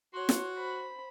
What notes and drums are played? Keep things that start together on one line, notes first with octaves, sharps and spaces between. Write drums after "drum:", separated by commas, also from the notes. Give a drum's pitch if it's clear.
F#4 C#5 C6
drum: snare
C5 B5